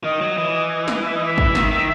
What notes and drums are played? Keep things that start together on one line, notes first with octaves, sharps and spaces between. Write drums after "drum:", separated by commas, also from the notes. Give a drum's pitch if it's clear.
D#3 D#5
F#3
E3
drum: snare
E5
D#5
E5
drum: kick
D#3, drum: snare
D#3